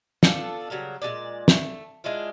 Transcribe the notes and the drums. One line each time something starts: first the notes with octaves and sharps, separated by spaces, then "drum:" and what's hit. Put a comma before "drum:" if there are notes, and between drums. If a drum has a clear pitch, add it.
B3 D4 F4 A4, drum: snare
C#3 F#3 G3 A#4
A#2 F3 G#3 D5
A3, drum: snare
G#3 D4 E4 F4